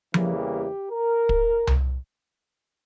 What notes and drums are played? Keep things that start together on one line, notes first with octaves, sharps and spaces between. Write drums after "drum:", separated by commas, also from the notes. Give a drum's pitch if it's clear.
E2 C#3 E3 G3 A#3 G4, drum: tom F3
A#4
drum: kick
drum: tom C2